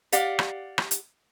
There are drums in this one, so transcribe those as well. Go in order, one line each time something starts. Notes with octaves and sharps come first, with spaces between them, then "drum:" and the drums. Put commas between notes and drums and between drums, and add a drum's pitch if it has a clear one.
G4 D5 F5 F#5, drum: hi-hat
drum: rim click
drum: rim click
drum: hi-hat